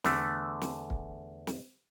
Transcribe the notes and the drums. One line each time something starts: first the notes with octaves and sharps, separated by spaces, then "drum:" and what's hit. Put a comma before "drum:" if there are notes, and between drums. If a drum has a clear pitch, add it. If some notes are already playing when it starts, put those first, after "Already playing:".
E2 D3 A3, drum: snare
drum: snare
drum: kick
drum: snare